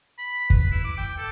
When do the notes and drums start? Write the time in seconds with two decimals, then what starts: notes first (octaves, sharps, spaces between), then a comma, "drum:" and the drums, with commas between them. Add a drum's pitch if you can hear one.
0.18 B5
0.50 B4, drum: kick
0.72 E4
0.84 D6
0.98 G5
1.18 A4